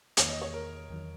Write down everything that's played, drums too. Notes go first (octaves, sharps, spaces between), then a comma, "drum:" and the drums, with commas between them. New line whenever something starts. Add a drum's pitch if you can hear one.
E2 D#3 A#3 C#5, drum: hi-hat
D#5
C#5
A#4
E2 D#3 F#3